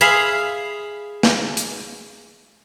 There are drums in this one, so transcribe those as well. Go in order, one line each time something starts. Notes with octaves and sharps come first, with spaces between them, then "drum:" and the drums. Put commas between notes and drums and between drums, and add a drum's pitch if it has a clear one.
G#4 E5 F5 B5
drum: snare
drum: hi-hat